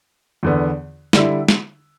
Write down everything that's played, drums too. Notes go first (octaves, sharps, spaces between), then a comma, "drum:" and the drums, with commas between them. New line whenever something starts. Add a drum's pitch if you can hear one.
E2 D3 B3
D3 G3 E4, drum: snare
drum: snare